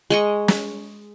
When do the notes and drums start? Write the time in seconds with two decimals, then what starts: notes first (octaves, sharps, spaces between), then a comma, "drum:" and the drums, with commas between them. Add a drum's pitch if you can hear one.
0.10 G#3 D#5 C#6
0.48 drum: snare